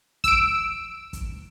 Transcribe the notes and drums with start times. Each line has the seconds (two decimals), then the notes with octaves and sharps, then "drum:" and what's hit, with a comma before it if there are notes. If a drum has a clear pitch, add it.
0.24 E6 D7, drum: kick, hi-hat
1.13 drum: kick, hi-hat